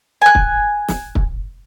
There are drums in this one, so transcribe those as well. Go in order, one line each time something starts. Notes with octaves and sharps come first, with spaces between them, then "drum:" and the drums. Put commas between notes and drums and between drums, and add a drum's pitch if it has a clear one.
G#5 F#6
drum: kick
drum: snare
drum: kick